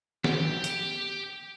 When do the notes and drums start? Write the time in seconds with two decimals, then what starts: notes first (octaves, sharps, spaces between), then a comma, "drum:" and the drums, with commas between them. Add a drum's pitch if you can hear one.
0.24 G4 G5, drum: snare
0.64 drum: hi-hat